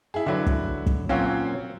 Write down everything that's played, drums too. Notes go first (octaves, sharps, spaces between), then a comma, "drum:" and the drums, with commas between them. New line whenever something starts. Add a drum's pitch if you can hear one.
E4 G#4
D3 F#3 E4 F#4 B4
drum: kick
drum: kick
A#2 F#3 C4 C#4 F4 F#4